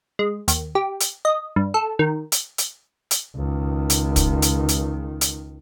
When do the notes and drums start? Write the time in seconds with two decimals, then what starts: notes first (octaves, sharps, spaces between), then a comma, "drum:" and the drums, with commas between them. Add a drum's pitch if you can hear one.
0.19 G#3
0.48 D#2, drum: hi-hat
0.75 G4
1.00 drum: hi-hat
1.25 D#5
1.56 G2
1.74 A4
1.99 D#3
2.32 drum: hi-hat
2.58 drum: hi-hat
3.11 drum: hi-hat
3.37 C#2 D#3
3.90 drum: hi-hat
4.16 drum: kick, hi-hat
4.42 drum: hi-hat
4.68 drum: hi-hat
5.21 drum: hi-hat